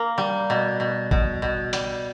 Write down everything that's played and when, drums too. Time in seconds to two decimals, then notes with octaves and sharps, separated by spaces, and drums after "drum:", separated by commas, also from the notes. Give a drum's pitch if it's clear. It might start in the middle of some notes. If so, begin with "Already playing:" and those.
Already playing: A#3
0.18 G3
0.50 B2
0.80 B2
1.11 B2, drum: kick
1.42 B2
1.73 G3, drum: hi-hat